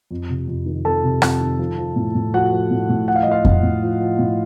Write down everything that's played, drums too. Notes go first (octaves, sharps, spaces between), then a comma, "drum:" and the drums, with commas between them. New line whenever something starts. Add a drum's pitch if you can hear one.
F2
C3
F2
D#3
F2 A4 A5
C3
F2, drum: rim click
D#3
F3
F3
A2
A2
F3 F#4 F#5
F3
A2
A2
F3 F#5
F5
D#5
F3
F4 F5
A2, drum: kick F2
A2
F3
F3
A2